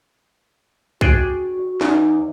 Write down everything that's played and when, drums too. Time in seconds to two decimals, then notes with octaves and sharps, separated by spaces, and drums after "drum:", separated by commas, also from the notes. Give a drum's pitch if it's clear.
1.01 D4 F#4 G#4 G5, drum: kick
1.81 E2 D#4, drum: snare